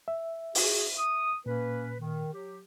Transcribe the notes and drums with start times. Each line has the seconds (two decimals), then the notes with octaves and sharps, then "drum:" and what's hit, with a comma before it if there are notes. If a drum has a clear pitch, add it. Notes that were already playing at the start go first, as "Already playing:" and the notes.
0.08 E5
0.55 F#4 G#4, drum: open hi-hat
0.98 D#6
1.46 A#2 A#3 C#4 B4
1.99 D#3
2.33 F#3 G4